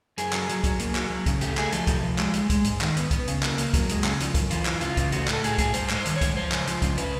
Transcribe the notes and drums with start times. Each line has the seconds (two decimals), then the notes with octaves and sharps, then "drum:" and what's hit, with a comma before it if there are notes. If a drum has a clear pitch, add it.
0.18 F#2 G#4, drum: hi-hat
0.33 F#3, drum: clap
0.49 F#3, drum: hi-hat
0.64 F#3, drum: kick, hi-hat
0.79 A#3, drum: hi-hat
0.95 F#3, drum: clap
1.10 F#3
1.26 C#3, drum: kick, hi-hat
1.41 A3 G4, drum: hi-hat
1.57 A3 G#4, drum: clap
1.72 F3 A4, drum: hi-hat
1.87 C3 G4, drum: kick, hi-hat
2.03 F3
2.18 G#3, drum: clap
2.33 G#3, drum: hi-hat
2.50 G#3, drum: kick, hi-hat
2.64 G#2, drum: hi-hat
2.81 D#3, drum: clap
2.97 B3, drum: hi-hat
3.11 B3, drum: kick, hi-hat
3.27 C#3, drum: hi-hat
3.43 A#3, drum: clap
3.58 A#3, drum: hi-hat
3.73 F#3, drum: kick, hi-hat
3.89 G#3, drum: hi-hat
4.04 C#3, drum: clap
4.20 F3, drum: hi-hat
4.34 F#2, drum: kick, hi-hat
4.50 E3 F4, drum: hi-hat
4.65 E3, drum: clap
4.81 C#3 F4, drum: hi-hat
4.97 C#3, drum: kick, hi-hat
5.12 A3 F#4, drum: hi-hat
5.28 A2, drum: clap
5.33 A4
5.44 A2 G#4, drum: hi-hat
5.58 A2 G#4, drum: kick, hi-hat
5.74 G3 C5, drum: hi-hat
5.90 G#2, drum: clap
5.95 C5
6.05 D#3, drum: hi-hat
6.16 C#5
6.21 G#2, drum: kick, hi-hat
6.37 F3 C5
6.52 C#3, drum: clap
6.67 F3, drum: hi-hat
6.82 C#3, drum: kick, hi-hat
6.98 B4, drum: hi-hat